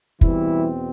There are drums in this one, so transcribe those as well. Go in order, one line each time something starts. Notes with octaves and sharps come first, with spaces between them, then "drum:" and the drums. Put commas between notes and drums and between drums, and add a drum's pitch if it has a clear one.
E2 B2 E3 G3 C4 E4, drum: kick